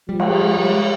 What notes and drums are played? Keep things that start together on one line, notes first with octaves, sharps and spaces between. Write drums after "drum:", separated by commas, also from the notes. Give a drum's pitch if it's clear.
F3 G3
G#3, drum: cymbal
G3
G#3
G3
G#3